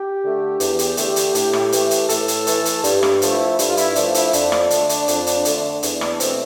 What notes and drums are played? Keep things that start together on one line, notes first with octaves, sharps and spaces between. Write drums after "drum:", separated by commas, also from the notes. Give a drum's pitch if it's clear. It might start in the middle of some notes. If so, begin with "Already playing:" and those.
Already playing: G4
D3 A3
E2, drum: hi-hat
drum: hi-hat
D3 A3, drum: hi-hat
drum: hi-hat
A2, drum: hi-hat
drum: rim click
E3 A3, drum: hi-hat
drum: hi-hat
A2 A4, drum: hi-hat
drum: hi-hat
E3 A3, drum: hi-hat
drum: hi-hat
G2, drum: hi-hat
drum: rim click
F3 A3, drum: hi-hat
E4
G2, drum: hi-hat
F4
E4, drum: hi-hat
F3 A3 D4, drum: hi-hat
E4, drum: hi-hat
F2 D4, drum: hi-hat
drum: rim click
D3 A3, drum: hi-hat
drum: hi-hat
F2, drum: hi-hat
drum: hi-hat
D3 A3, drum: hi-hat
E2, drum: hi-hat
D4, drum: rim click
B2 A3 C4, drum: hi-hat